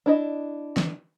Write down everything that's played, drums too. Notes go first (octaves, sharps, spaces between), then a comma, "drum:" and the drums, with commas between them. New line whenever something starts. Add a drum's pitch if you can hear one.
D4 E4 D#5
drum: snare